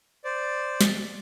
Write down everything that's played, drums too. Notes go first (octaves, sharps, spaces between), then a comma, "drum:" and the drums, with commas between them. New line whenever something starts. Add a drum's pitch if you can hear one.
C5 D5
drum: snare